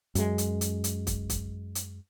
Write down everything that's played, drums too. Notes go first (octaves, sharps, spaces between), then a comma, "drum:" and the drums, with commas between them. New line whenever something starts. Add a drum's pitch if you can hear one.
F#2 G#3, drum: hi-hat
drum: hi-hat
drum: hi-hat
drum: hi-hat
drum: kick, hi-hat
drum: kick, hi-hat
drum: hi-hat